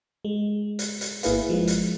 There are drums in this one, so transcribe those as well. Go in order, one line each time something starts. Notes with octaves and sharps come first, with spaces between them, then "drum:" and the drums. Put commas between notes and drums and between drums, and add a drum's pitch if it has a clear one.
G#3
drum: hi-hat
drum: hi-hat
G1 A#3 E4 G#4 B4 F5, drum: hi-hat
F3 G#3
drum: hi-hat